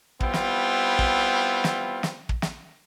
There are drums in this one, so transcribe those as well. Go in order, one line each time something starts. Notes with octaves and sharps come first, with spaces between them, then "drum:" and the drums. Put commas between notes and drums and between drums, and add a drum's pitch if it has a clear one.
G3 B3 C4 E4 F4, drum: kick
drum: snare
drum: kick
drum: snare
drum: snare
drum: kick
drum: snare